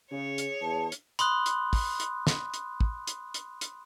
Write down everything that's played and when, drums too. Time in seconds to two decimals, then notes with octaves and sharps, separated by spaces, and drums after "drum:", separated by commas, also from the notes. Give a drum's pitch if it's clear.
0.12 C#3 G#4 C#5
0.38 drum: hi-hat
0.62 E2 A5
0.92 drum: hi-hat
1.19 B5 C6 D#6 F#6, drum: hi-hat
1.46 drum: hi-hat
1.73 drum: kick, open hi-hat
2.00 drum: hi-hat
2.27 drum: snare
2.54 drum: hi-hat
2.81 drum: kick
3.07 drum: hi-hat
3.34 drum: hi-hat
3.61 drum: hi-hat